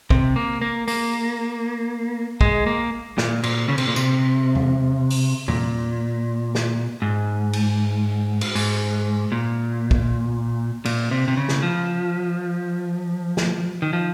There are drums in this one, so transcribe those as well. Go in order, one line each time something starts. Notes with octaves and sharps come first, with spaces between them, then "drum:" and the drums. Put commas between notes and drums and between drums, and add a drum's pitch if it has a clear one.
C3, drum: kick
A#3
A#3
A#3, drum: open hi-hat
G#3, drum: kick
A#3
A#2, drum: snare
A#2, drum: cymbal
C#3
C3, drum: cymbal
A#2
C3, drum: tambourine
drum: tom E2
drum: open hi-hat
A#2, drum: tom E2
drum: snare
G#2
drum: cymbal
drum: cymbal
G#2, drum: open hi-hat
A#2
drum: kick
A#2, drum: cymbal
C3
C3
C#3
drum: snare
F3
drum: snare
D#3
F3